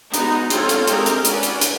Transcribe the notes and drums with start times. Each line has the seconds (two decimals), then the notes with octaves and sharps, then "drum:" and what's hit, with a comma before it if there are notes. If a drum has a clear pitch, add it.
0.14 G#3 B3 D#4 F#4, drum: hi-hat
0.50 C4 F4 A4 C#5, drum: hi-hat
0.69 drum: hi-hat
0.87 G#3 C4 D#4 G4 A#4, drum: hi-hat
1.06 drum: hi-hat
1.25 C#4 F#4 B4 D5, drum: hi-hat
1.43 drum: hi-hat
1.61 drum: hi-hat